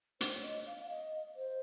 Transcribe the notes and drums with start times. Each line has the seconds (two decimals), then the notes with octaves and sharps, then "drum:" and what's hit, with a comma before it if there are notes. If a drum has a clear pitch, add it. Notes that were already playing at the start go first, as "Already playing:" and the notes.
0.21 C5, drum: hi-hat
0.34 C#5
0.44 D#5
0.66 F5
0.83 F5
0.90 D#5
1.36 C5